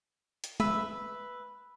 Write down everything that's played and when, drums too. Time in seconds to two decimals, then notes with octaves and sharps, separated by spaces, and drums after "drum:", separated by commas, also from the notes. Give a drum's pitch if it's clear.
0.44 drum: hi-hat
0.60 B4 E5, drum: tom